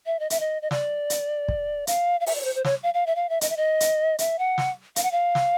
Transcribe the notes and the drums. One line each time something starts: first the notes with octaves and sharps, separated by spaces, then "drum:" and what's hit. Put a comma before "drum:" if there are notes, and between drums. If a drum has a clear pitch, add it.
E5
D#5
E5, drum: hi-hat
D#5
D#5
D5, drum: snare
drum: hi-hat
drum: kick
F5, drum: hi-hat
F5
E5, drum: open hi-hat
D5
C#5
C5
C5
C#5, drum: snare
F5
F5
E5
F5
E5
D#5, drum: hi-hat
E5
D#5
drum: hi-hat
E5, drum: hi-hat
F#5
drum: snare
F5, drum: hi-hat
F#5
F5
drum: snare